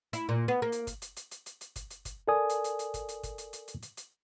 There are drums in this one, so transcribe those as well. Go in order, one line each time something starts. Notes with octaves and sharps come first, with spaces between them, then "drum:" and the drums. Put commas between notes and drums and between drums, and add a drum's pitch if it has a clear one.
E4, drum: hi-hat
A#2
B3
A#3
drum: hi-hat
drum: kick, hi-hat
drum: hi-hat
drum: hi-hat
drum: hi-hat
drum: hi-hat
drum: hi-hat
drum: kick, hi-hat
drum: hi-hat
drum: kick, hi-hat
A4 A#4 D5 G#5 D#6
drum: hi-hat
drum: hi-hat
drum: hi-hat
drum: kick, hi-hat
drum: hi-hat
drum: kick, hi-hat
drum: hi-hat
drum: hi-hat
drum: hi-hat
drum: hi-hat
drum: hi-hat